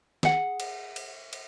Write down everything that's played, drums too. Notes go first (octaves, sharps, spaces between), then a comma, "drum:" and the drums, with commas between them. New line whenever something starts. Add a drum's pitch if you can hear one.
G#4 F#5, drum: snare
drum: cymbal
drum: cymbal
drum: cymbal